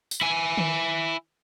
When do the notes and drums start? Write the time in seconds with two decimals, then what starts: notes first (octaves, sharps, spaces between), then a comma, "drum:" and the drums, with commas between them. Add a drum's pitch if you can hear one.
0.11 drum: tambourine
0.21 E4 G#5
0.57 drum: tom D#3